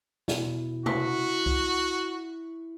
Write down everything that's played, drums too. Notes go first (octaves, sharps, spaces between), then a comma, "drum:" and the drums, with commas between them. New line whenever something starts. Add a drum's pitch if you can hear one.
E2 B2 E4, drum: snare
E4 F#4 B6, drum: tom
drum: kick C2